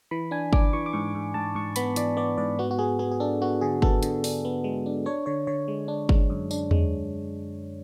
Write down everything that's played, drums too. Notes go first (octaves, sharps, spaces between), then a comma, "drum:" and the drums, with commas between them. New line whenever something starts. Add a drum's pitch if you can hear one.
E3 B5
D4 G#5
D4 D6, drum: kick G1
E3 C#6
D6
G#2 C#6
G#2
G#2 A5
G#2 C#6
B3 B5, drum: hi-hat
E3 D5, drum: hi-hat
B3 D5
G#2 D5
B3 F#4
F#4
B3 G#4
B3 G#4
G#4
D4 A4
B3 F#4
D3 G#4
B3 A4, drum: kick G1
D3, drum: hi-hat
D4, drum: open hi-hat
B3
G#3
D4
D4 C#5
D3 C#5
D3 C#5
G#3
D4
G#3, drum: kick G1
F#2
D4, drum: tambourine
G#3, drum: tom E2